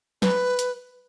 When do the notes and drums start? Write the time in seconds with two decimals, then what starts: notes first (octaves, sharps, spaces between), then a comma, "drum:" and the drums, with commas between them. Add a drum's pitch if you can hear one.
0.22 B4, drum: snare
0.59 drum: hi-hat